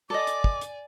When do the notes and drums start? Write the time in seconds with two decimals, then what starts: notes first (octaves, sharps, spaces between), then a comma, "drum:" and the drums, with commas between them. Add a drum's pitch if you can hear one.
0.10 A4 D5 D#5 G#5 D6
0.27 drum: hi-hat
0.44 drum: kick
0.61 drum: hi-hat